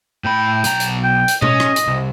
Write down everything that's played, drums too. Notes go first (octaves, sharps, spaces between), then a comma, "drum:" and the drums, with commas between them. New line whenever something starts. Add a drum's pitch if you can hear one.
A2 G5 B5
B1 A#5, drum: hi-hat
drum: hi-hat
G5
drum: hi-hat
C#4 D#5, drum: tom B2
drum: rim click
drum: hi-hat
C2